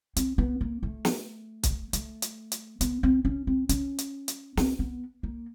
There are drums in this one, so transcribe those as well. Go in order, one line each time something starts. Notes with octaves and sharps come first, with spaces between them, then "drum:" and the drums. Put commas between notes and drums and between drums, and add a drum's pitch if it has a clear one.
C4, drum: hi-hat
B3
A#3
A3
drum: snare
drum: kick, hi-hat
A3, drum: hi-hat
drum: hi-hat
drum: hi-hat
B3, drum: hi-hat
C4
C#4
C4
C#4, drum: hi-hat
drum: hi-hat
drum: hi-hat
C4, drum: snare
B3
A#3